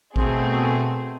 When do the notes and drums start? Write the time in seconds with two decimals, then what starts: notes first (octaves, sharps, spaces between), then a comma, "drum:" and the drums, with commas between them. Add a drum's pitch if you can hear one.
0.16 B2 A3 C4 G#4, drum: kick A1